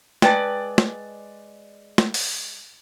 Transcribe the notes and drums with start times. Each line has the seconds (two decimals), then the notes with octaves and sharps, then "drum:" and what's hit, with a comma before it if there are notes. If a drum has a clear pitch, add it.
0.22 G#3 B4 D5 G5 A5, drum: snare
0.78 drum: snare
1.98 drum: snare
2.14 drum: open hi-hat